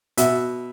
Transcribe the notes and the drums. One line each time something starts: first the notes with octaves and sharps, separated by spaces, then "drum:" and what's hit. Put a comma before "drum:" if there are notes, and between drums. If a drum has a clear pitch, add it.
B2 E5, drum: hi-hat